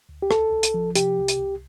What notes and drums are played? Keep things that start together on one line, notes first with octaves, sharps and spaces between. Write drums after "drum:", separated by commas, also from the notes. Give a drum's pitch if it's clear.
D2
G4
C2 A4, drum: rim click
C2
drum: hi-hat
F3
C3 G4, drum: hi-hat
C2
drum: hi-hat
C2